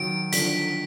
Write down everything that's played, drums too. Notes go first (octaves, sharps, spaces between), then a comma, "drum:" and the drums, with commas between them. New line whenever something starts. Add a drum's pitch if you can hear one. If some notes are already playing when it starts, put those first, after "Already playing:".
Already playing: D#3 F#3 D7
D3 F3 B6, drum: hi-hat